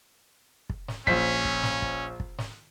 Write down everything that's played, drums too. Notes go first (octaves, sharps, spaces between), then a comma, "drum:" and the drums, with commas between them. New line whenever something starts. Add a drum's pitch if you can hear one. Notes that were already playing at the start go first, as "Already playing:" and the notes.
drum: kick
drum: snare
A#1 C#4 C5 B6, drum: kick
drum: kick
drum: snare
drum: kick
drum: kick
drum: snare